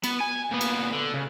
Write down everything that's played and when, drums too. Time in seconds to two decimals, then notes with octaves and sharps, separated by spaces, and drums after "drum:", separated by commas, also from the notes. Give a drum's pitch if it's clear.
0.04 B3, drum: cymbal
0.20 G#5
0.51 A#2 B3
0.61 drum: cymbal
0.93 D3
1.14 C#3